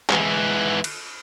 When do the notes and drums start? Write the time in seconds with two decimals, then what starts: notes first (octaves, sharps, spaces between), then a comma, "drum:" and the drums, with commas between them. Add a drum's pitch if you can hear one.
0.10 G#2 E3, drum: clap
0.84 drum: cymbal